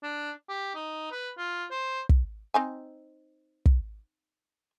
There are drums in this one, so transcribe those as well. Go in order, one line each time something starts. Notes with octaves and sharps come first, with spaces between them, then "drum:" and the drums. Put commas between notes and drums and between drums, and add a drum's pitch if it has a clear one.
D4
G4
D#4
B4
F4
C5
drum: kick
C4 D#4 G#5
drum: kick